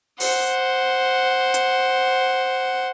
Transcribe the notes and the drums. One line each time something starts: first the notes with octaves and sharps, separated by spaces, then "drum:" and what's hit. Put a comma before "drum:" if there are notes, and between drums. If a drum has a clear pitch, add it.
C5 F#5, drum: open hi-hat
drum: hi-hat